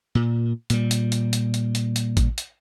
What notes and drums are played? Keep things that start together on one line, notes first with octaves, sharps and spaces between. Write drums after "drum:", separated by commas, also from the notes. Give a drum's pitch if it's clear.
A#2
A#2 G3, drum: hi-hat
drum: hi-hat
drum: hi-hat
drum: hi-hat
drum: hi-hat
drum: hi-hat
drum: hi-hat
drum: kick A1, hi-hat
drum: hi-hat